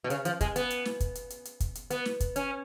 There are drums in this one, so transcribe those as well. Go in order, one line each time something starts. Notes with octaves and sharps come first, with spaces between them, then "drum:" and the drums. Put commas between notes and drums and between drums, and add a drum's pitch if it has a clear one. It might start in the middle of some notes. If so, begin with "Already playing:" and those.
B2
C#3, drum: hi-hat
F3, drum: hi-hat
G#3, drum: kick, hi-hat
B3, drum: hi-hat
drum: hi-hat
drum: snare
drum: kick, hi-hat
drum: hi-hat
drum: hi-hat
drum: hi-hat
drum: kick, hi-hat
drum: hi-hat
B3, drum: hi-hat
drum: snare
drum: kick, hi-hat
C#4, drum: hi-hat